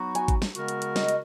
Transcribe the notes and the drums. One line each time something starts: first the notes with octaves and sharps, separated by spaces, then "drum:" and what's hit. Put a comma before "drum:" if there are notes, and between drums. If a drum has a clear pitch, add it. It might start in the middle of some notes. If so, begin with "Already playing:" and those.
Already playing: F#3 B3 D#4 F#4
G#5, drum: hi-hat
drum: kick G#1, hi-hat
drum: snare
C#3 G#3 B3 F#4 A#4, drum: hi-hat
drum: hi-hat
drum: hi-hat
D#5, drum: snare
drum: hi-hat